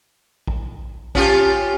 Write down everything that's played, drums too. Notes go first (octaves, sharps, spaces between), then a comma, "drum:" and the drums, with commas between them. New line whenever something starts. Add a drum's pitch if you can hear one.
drum: kick A#1
C#4 F4 G4, drum: kick A#1